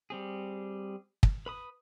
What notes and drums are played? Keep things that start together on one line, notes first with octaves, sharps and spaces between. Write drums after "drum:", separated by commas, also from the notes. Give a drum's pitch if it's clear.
G3 C4 G#4
drum: kick
B4 B5 D#6